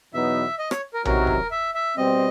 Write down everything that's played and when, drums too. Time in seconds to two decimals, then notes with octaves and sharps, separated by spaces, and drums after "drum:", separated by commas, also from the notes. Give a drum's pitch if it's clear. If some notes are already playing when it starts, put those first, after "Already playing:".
0.14 E2 B2 F#3 B3 D#4 E5
0.59 D#5
0.71 C#5, drum: rim click
0.94 A#4
1.05 E2 C3 D#3 F#3 A#4, drum: tom A#1
1.27 drum: kick D#1
1.51 E5
1.75 E5
1.97 B2 G3 C4 D#5